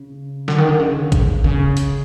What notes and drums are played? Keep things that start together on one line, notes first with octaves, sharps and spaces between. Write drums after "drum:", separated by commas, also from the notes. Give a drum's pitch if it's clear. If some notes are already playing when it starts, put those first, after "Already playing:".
Already playing: C#3
D3, drum: snare
D#3
D3
C#3
drum: kick A1, hi-hat
C#3
drum: open hi-hat